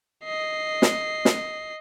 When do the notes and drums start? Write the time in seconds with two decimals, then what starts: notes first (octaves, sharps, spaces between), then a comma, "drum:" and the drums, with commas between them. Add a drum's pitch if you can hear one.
0.25 D#5 C7
0.82 drum: snare
1.25 drum: snare